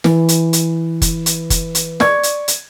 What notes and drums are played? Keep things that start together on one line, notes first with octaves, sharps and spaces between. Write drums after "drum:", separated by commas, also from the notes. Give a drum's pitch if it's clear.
E3, drum: snare
drum: hi-hat
drum: hi-hat
drum: kick F#1, hi-hat
drum: hi-hat
drum: kick F#1, hi-hat
drum: hi-hat
D5 C#6 G#6, drum: snare
drum: hi-hat
drum: hi-hat